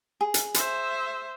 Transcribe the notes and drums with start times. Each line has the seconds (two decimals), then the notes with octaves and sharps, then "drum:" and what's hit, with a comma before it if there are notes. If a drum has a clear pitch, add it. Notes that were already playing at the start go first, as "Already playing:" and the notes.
0.21 G#4
0.34 drum: hi-hat
0.54 C5 E5, drum: hi-hat